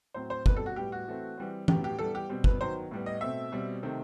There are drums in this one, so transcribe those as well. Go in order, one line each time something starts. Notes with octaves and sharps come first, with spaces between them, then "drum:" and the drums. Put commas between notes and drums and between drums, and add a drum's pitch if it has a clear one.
A2 F#3 C4 C5
C5
B2 G3 C4 B4, drum: kick
A4
F#4
A2 G3 B3 G4
F#4
E3 A3 C4
E3 G3 C4
A2 F#3 B3 G4, drum: tom E3
G4
E3 G3 B3 A4
G4
B2 G3 C4
B4, drum: kick
D#3 F#3 B3 C5
A2 G3 B3
D#5
B2 A3 C4 E5
B2 G3 C4
C3 D#3 A3 C4